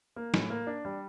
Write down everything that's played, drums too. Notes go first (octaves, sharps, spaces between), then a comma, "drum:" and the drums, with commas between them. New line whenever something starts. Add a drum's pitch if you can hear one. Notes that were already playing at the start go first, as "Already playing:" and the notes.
A#3
A2, drum: snare
A#3
D4
G3